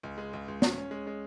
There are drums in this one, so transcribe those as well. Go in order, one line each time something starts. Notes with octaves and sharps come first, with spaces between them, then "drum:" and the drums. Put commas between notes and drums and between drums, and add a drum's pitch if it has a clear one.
C#2
G#3
C#2
C#2
C#4, drum: snare
C#4
G#3
G#3